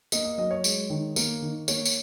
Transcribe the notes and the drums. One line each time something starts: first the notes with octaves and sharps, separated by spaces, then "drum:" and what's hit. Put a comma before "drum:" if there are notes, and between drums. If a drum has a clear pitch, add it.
A#3 D#5, drum: tambourine
D#5
F#3 D#5
C#5
G#3, drum: tambourine
D#3
A#3, drum: tambourine
D#3
A#3 C#5, drum: tambourine
drum: tambourine